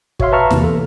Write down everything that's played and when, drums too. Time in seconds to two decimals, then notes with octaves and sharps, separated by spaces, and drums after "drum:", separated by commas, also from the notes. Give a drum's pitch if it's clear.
0.20 F#4 C#5 E5 F5 C6, drum: kick
0.32 B4 E5 A5 A#5 C#6 F6
0.51 E2 C3 E3 A#3, drum: snare
0.64 A4